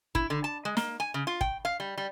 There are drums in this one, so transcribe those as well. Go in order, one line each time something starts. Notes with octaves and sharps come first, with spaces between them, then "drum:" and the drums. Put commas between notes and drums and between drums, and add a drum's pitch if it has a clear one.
E4, drum: kick
D3
A5
G#3
A#3, drum: snare
G#5
C#3
F4
G5, drum: kick
F5
G3
G3